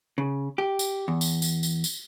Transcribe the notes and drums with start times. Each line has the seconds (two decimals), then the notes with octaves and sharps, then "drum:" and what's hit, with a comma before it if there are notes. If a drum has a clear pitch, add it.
0.18 C#3
0.58 G4
0.79 drum: tambourine
1.08 E2
1.21 drum: tambourine
1.42 drum: tambourine
1.63 drum: tambourine
1.84 drum: tambourine